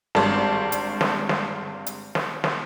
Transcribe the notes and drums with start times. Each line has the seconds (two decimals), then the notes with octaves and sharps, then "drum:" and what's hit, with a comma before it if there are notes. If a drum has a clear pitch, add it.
0.15 G#1 G2 A5, drum: snare
0.72 drum: hi-hat
1.01 drum: snare
1.29 drum: snare
1.86 drum: hi-hat
2.15 drum: snare
2.44 drum: snare